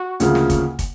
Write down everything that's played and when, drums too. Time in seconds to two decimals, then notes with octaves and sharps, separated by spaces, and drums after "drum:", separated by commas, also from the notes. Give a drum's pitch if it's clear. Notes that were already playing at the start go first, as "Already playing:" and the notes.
Already playing: F#4
0.20 D2 C#3 F3 A#3, drum: hi-hat
0.35 drum: snare
0.50 drum: kick, hi-hat
0.79 drum: kick, hi-hat